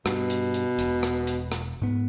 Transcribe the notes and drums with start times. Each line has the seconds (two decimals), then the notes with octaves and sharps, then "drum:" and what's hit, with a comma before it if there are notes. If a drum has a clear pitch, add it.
0.06 G2 B2, drum: rim click
0.30 drum: hi-hat
0.54 drum: hi-hat
0.79 E1, drum: hi-hat
1.03 drum: rim click
1.27 drum: hi-hat
1.52 drum: rim click
1.82 G#2 B3